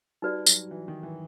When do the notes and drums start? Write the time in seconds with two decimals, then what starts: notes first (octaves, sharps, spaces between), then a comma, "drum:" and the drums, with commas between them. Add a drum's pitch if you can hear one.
0.22 G3 D#4 F#4 B4 D5
0.46 F#3, drum: tambourine
0.71 E3
0.88 D#3
1.03 E3